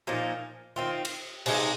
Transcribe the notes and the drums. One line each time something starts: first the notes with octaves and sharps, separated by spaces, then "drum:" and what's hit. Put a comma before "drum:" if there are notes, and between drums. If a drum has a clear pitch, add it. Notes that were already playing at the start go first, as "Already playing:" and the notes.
A#2 F3 A#3 D#4
D#3 C4 F4
drum: cymbal
C3 G#3 D#4 G#4, drum: cymbal